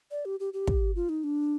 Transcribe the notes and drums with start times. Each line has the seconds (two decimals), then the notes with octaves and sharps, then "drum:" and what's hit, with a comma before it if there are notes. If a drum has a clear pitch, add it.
0.11 D5
0.25 G4
0.40 G4
0.53 G4
0.67 drum: kick
0.96 F4
1.09 D#4
1.24 D4